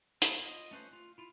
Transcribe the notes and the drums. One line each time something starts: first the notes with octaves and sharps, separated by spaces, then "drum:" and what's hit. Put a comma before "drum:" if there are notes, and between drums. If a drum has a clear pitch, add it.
D#4 E4 A5 B5, drum: hi-hat
F4 D#5
A3 C#4 B4 C5
F4
E4 F4